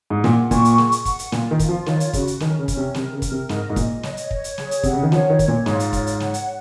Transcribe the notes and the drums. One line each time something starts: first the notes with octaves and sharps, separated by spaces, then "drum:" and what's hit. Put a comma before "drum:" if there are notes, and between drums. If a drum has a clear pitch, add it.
G#2
A#2 F#5, drum: snare
A#2 C#6, drum: kick, hi-hat
drum: hi-hat
G#4, drum: snare
drum: hi-hat
F#5, drum: kick, hi-hat
drum: hi-hat
A#2 F4, drum: snare
D#3
F4, drum: kick, hi-hat
F3
D#3 C#5, drum: snare
drum: hi-hat
C#3 F#4, drum: kick, hi-hat
drum: hi-hat
D#3 C#4, drum: snare
C#3
C#4, drum: kick, hi-hat
C3
C3 A#4, drum: snare
C#3
A#4, drum: kick, hi-hat
C3
G#2 D#5, drum: snare
G#2
A#2 D#5, drum: kick, hi-hat
C#5, drum: snare
drum: hi-hat
C#5, drum: kick
drum: hi-hat
G#4, drum: snare
drum: hi-hat
C3 F#5, drum: kick, hi-hat
C#3
D#3
F3 C#5, drum: snare
D#3
C#5, drum: kick, hi-hat
A#2
G#2 F4, drum: snare
drum: hi-hat
C#5, drum: kick, hi-hat
drum: hi-hat
F#5, drum: snare
drum: hi-hat